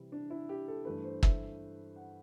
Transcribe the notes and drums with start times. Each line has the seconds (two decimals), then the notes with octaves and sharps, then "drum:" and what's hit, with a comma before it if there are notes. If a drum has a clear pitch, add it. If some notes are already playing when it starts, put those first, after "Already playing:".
Already playing: C3 E3 G3 E4
0.12 D4
0.30 E4
0.49 G4
0.68 A4
0.85 G2 E3 A3 B4
1.04 C5
1.23 E5, drum: kick
1.96 F#5